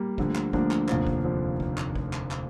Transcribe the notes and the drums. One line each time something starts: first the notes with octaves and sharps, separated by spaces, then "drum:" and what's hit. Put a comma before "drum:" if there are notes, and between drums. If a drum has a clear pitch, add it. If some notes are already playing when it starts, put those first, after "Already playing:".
Already playing: G3 A#3
D2 D3 F3, drum: kick
drum: clap
D2 D3 F3 A#3 D4, drum: kick
drum: clap
F1 D#2 D3 F3, drum: clap
drum: kick
D3 F3
drum: kick
drum: clap
drum: kick
drum: clap
drum: clap